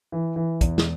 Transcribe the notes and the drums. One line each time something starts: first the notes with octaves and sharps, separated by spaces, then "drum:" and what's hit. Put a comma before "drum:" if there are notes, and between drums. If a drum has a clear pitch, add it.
E3
E3
E2, drum: kick, hi-hat
drum: snare